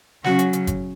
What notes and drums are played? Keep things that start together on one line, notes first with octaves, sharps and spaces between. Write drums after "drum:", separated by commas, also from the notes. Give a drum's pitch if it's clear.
C#3 F#3 C#4 F#4, drum: snare
drum: hi-hat
drum: hi-hat
drum: kick G1, hi-hat